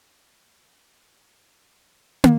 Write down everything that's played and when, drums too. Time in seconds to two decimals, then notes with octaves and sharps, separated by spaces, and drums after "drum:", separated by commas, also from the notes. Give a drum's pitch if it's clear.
0.18 C2 E3
0.68 A2
1.27 F2 C3
2.24 drum: tom